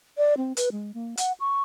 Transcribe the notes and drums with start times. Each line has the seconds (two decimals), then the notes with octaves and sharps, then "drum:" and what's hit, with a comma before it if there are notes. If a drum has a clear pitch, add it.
0.18 D5
0.37 C4
0.57 B4, drum: hi-hat
0.72 G#3
0.94 A#3
1.17 F#5, drum: hi-hat
1.40 C#6